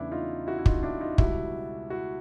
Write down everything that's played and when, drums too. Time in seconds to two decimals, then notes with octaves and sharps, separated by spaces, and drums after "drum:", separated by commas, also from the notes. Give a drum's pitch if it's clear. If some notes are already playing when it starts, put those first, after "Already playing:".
Already playing: E2 C#3 E3 A3 D4 E4
0.12 D#4 F4
0.47 E4 F#4
0.59 E4
0.66 D#4 F4, drum: kick
0.83 D4 E4
1.01 D#4 F4
1.18 C#2 B2 G3 E4 F#4, drum: kick
1.90 E4 F#4